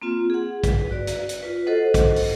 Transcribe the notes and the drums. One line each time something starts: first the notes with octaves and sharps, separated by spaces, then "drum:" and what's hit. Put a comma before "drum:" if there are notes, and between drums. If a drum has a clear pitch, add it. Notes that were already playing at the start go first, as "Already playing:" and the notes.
A#3 C4 F4
G#4 F#5
B4, drum: kick, hi-hat
F#4 B4 D5
drum: hi-hat
drum: hi-hat
F4 B4
F#4 A4 C5 D#5 F#5
drum: kick, hi-hat
drum: open hi-hat